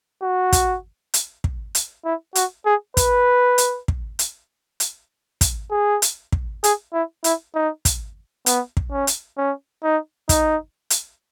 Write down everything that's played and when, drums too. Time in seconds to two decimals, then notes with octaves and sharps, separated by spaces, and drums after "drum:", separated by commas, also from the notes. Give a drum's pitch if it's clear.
0.22 F#4
0.53 drum: kick, hi-hat
1.14 drum: hi-hat
1.44 drum: kick
1.75 drum: hi-hat
2.05 E4
2.35 F#4, drum: hi-hat
2.66 G#4
2.97 B4, drum: kick, hi-hat
3.58 drum: hi-hat
3.88 drum: kick
4.19 drum: hi-hat
4.80 drum: hi-hat
5.41 drum: kick, hi-hat
5.71 G#4
6.02 drum: hi-hat
6.32 drum: kick
6.64 G#4, drum: hi-hat
6.93 E4
7.24 E4, drum: hi-hat
7.55 D#4
7.85 drum: kick, hi-hat
8.46 B3, drum: hi-hat
8.77 drum: kick
8.92 C#4
9.07 drum: hi-hat
9.38 C#4
9.83 D#4
10.29 D#4, drum: kick, hi-hat
10.90 drum: hi-hat